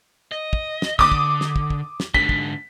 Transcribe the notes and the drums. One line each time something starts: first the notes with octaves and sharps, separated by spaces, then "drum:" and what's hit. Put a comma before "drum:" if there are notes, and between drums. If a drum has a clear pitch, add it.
D#5
drum: kick
drum: snare
D3 D6 D#6, drum: kick
drum: kick
drum: snare
drum: kick
drum: kick
drum: snare
G#2 D3 B6, drum: kick
drum: kick